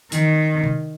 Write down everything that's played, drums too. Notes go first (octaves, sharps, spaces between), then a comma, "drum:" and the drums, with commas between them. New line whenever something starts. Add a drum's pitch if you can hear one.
D#3, drum: hi-hat
drum: tom C3